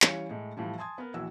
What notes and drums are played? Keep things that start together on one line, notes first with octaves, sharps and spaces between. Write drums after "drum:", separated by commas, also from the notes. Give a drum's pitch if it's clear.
E3 G3 C#4 C#5 F5 C#7, drum: clap
A2 G#3
A2 E3 F3 G3
G#5 A5 C6 D#6 G#6
B3 A#4
A#1 E3 F#4 E6